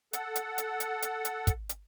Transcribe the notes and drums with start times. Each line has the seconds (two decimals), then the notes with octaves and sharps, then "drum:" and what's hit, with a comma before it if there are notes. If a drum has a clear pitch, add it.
0.13 A4 F#5, drum: hi-hat
0.36 drum: hi-hat
0.58 drum: hi-hat
0.80 drum: hi-hat
1.02 drum: hi-hat
1.25 drum: hi-hat
1.47 drum: kick, hi-hat
1.69 drum: hi-hat